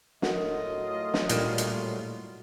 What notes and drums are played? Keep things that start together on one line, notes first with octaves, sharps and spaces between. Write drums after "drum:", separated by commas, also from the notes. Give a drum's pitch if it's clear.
A2 F#3 F4 F#4 A#4 D#5 F#5, drum: snare
drum: snare
A#2 G3, drum: hi-hat
drum: hi-hat